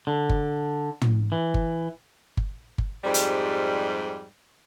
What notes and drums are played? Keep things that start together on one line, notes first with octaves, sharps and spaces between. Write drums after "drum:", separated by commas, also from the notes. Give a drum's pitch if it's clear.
D3
drum: kick G1
drum: tom
E3
drum: kick G1
drum: kick G1
drum: kick G1
F2 G#2 G3
drum: hi-hat